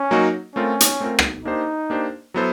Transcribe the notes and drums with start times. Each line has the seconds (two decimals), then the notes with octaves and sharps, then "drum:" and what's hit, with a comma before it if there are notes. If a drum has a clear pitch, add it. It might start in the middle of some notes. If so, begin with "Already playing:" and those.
Already playing: C#4
0.11 F#3 A#3 D#4 F#4
0.55 A3 C4 C#4 F4 A#4
0.80 drum: hi-hat
1.00 A3 C4 F4 A#4
1.19 drum: rim click
1.45 A#3 D4 D#4 G4 C5
1.90 A#3 D4 G4 C5
2.34 F#3 B3 E4 A4 C5